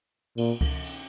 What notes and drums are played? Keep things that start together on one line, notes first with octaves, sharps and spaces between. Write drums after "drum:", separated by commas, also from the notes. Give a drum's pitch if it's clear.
A#2, drum: cymbal
drum: kick C#2, cymbal
drum: cymbal